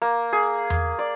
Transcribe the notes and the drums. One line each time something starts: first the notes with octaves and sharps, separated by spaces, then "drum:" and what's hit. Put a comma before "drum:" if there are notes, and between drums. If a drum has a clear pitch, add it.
A#3
G#4
drum: tom E2
D5